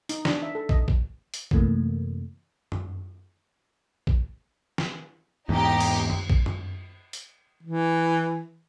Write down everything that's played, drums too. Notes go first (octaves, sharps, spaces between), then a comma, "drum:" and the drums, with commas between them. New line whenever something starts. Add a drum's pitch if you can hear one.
D#4, drum: hi-hat
D4, drum: snare
E5
A4
D#5, drum: kick
drum: kick
drum: hi-hat
F#2 C3 E3 A3 A#3, drum: kick
drum: tom F#2
drum: kick
drum: snare
E2 G#2 D#4 G4
drum: cymbal
drum: tom F#2
drum: kick
drum: tom F#2
drum: hi-hat
E3